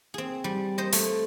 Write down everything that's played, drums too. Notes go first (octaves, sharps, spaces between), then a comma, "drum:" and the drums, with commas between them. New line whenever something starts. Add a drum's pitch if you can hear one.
C4 G#4
G3
C5 D#5
A3, drum: open hi-hat